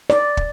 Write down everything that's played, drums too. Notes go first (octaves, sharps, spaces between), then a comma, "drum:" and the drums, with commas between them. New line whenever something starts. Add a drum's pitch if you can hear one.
D5, drum: snare
drum: kick